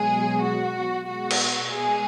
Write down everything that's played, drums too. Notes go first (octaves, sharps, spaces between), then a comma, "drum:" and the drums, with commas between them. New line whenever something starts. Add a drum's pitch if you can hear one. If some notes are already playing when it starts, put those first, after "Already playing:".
Already playing: B2 F#3 G#3 G#4
F#4
B2 G#3 F#4
drum: cymbal
G#3 G#4